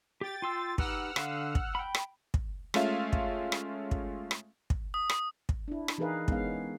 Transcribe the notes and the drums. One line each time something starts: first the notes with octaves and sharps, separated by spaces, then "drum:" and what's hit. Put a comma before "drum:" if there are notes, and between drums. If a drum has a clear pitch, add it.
G4 G5 A6
F4 C6 E6
D#4 G4 B4 F#5 E6 F6, drum: kick
D3 F5, drum: rim click
drum: kick
G5 B5
drum: rim click
drum: kick
G#3 A3 C#4 F4 E5 F5, drum: rim click
drum: kick
drum: rim click
drum: kick
drum: rim click
drum: kick
D#6
drum: rim click
drum: kick
D4 E4
drum: rim click
E3 D#4 G#4 A#4 B4 F5
G#3 B3 C#4 F5, drum: kick